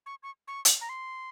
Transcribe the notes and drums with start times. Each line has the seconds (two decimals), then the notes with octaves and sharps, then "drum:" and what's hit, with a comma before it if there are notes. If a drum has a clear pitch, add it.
0.06 C#6
0.23 C#6
0.48 C#6
0.65 drum: hi-hat
0.81 A#5
0.89 C6